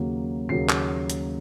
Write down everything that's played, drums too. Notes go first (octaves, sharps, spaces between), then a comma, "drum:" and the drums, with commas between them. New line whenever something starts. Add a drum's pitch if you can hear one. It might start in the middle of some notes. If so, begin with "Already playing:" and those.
Already playing: D#2 C#3 F#3 A#3
D#2 C#3 F#3 A#3 C7
drum: clap
drum: hi-hat